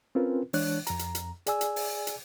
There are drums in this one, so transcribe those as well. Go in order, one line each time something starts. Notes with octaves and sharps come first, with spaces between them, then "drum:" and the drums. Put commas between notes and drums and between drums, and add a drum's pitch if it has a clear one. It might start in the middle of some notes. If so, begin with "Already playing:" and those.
C4 C#4 F4 A#4 B4
E3 G#3 D4 C#5 F#6, drum: open hi-hat
F2 A#5, drum: hi-hat
drum: hi-hat
drum: hi-hat
G#4 D5 G#5 E6, drum: hi-hat
drum: hi-hat
drum: open hi-hat
drum: hi-hat